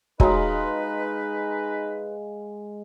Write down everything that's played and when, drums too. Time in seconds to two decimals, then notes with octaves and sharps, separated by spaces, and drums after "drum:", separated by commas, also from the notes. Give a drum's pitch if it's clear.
0.20 G#3 D#4 F#4 B4 C#5 F5 A#5, drum: kick